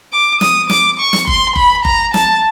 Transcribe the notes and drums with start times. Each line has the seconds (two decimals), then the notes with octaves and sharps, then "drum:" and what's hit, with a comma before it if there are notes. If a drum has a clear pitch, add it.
0.13 D6
0.41 D#6, drum: snare
0.70 D6, drum: snare
0.99 C#6
1.13 drum: snare
1.27 C6, drum: kick F#1
1.56 B5, drum: kick F#1
1.85 A#5, drum: kick F#1
2.14 A5, drum: snare